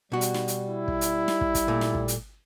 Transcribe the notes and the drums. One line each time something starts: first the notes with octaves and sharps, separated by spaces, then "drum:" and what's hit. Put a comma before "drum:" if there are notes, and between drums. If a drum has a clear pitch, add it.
B2 G3 F#4
drum: hi-hat
drum: snare
drum: hi-hat
E4
drum: kick
drum: hi-hat
drum: snare
drum: kick
drum: kick, hi-hat
A#2 A3
drum: snare
drum: kick
drum: hi-hat